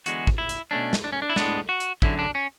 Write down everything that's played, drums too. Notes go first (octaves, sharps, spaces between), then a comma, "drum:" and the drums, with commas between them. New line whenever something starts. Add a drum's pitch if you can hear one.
E2 D3 G#3 B3 F#4, drum: hi-hat
drum: kick
E4
drum: hi-hat
B2 A3 C#4 D4
drum: snare
D4
C#4
D4
E4
A2 G#3 B3 D4, drum: snare
F#4
drum: hi-hat
F#2 D3 F#3 E4, drum: kick
D4
C#4